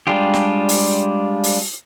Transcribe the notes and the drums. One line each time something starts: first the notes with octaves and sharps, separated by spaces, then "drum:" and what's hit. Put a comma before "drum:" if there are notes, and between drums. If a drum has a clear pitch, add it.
G3 G#3 D4 F4 G4
drum: snare
drum: open hi-hat
drum: open hi-hat